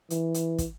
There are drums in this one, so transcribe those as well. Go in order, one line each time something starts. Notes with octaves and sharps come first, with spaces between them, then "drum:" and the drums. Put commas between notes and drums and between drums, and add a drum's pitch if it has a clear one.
E3, drum: hi-hat
drum: hi-hat
drum: kick, hi-hat